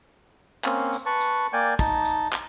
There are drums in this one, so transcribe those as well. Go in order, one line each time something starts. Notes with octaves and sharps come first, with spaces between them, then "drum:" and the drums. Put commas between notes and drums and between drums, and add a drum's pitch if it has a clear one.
A#3 C4 C#4, drum: clap
drum: tambourine
B4 A5 C#6
drum: tambourine
A#3 D5 G5 G#5
D#4 A5, drum: kick, tambourine
drum: tambourine
drum: clap